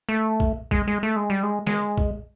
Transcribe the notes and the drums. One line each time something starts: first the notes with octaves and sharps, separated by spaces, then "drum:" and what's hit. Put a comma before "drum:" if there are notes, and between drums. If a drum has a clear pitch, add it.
A3
drum: kick
G#3, drum: kick
G#3
A3
G#3
G3
G#3
G#3, drum: snare
drum: kick